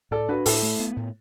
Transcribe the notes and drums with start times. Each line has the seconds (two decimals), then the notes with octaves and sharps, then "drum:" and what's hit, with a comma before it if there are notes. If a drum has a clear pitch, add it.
0.11 A2 A4 D5
0.29 D4 F#4 B4
0.46 A2 E4 A4, drum: open hi-hat
0.63 A3
0.79 B3
0.97 A2